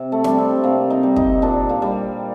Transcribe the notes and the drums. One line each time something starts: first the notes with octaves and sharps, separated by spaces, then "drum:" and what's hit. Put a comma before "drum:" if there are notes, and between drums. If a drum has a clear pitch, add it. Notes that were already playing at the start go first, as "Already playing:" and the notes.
Already playing: C3
A3
G3 D4, drum: snare
C4
C3 A#3
D#4
G3
D#4, drum: kick
A#2 D4
A#3
G3